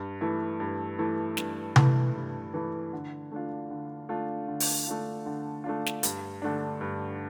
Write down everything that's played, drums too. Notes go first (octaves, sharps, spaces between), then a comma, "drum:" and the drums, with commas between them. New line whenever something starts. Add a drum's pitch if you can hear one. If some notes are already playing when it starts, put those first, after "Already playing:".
Already playing: G2
E3 A3 E4
G2
E3 A3 E4
G2, drum: snare
E3 A3 E4, drum: tom C3
G2
E3 A3 E4
D3
A3 D4 F4
D3
A3 D4 F4
D3
drum: open hi-hat
A3 D4 F4
D3
A3 D4 F4
drum: snare
G2, drum: hi-hat
D3 A3 D4
G2